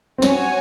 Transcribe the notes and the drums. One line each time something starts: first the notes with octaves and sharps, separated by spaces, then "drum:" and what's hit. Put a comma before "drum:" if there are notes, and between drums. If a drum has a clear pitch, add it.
C4
C#4 F#4 C#5 G#5, drum: snare